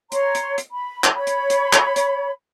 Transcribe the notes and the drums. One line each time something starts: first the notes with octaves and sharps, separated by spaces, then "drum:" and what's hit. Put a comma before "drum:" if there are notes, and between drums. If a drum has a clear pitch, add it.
C#5 A#5 C6, drum: hi-hat
drum: hi-hat
drum: hi-hat
B5
drum: clap
C#5 B5
drum: hi-hat
drum: hi-hat
drum: clap
drum: hi-hat